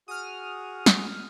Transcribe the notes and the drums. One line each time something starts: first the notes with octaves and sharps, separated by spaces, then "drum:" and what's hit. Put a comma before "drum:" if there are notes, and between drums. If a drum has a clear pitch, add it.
F#4 G#4 D#6 F6
drum: snare